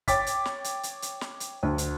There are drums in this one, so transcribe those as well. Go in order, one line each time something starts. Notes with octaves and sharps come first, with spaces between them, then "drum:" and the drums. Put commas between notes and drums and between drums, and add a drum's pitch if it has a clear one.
C#5 G5 D6 A6 B6, drum: kick, hi-hat
drum: hi-hat
drum: snare
drum: hi-hat
drum: hi-hat
drum: hi-hat
drum: snare
drum: hi-hat
D2
drum: hi-hat